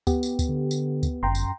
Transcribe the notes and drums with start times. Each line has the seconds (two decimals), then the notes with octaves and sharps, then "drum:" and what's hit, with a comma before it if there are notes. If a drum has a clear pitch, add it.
0.07 B3 G4, drum: kick D2, tambourine
0.23 drum: tambourine
0.39 drum: kick D2, tambourine
0.49 D3
0.71 drum: tambourine
1.03 drum: kick D2, tambourine
1.23 G1 F#2 G5 A#5 C6
1.35 drum: tambourine